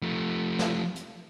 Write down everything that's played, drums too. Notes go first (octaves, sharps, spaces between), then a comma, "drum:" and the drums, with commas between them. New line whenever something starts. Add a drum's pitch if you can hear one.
F3 A3
drum: snare
drum: hi-hat